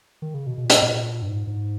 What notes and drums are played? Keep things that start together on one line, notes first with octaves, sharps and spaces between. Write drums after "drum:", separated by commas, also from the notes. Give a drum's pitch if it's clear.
D#3
C#3
B2
B2
A#2
B2, drum: hi-hat
A2
A#2
G2
G#2
G#2